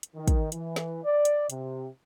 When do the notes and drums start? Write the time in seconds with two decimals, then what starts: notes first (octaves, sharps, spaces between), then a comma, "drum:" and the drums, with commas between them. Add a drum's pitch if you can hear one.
0.03 drum: hi-hat
0.15 D#3
0.28 drum: kick, hi-hat
0.52 E3, drum: hi-hat
0.76 drum: snare
1.04 D5
1.25 drum: hi-hat
1.50 C3, drum: hi-hat